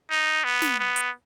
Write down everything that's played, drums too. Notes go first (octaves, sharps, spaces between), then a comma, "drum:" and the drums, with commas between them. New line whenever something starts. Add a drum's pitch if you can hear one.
D#4
B3
drum: snare
B3
drum: hi-hat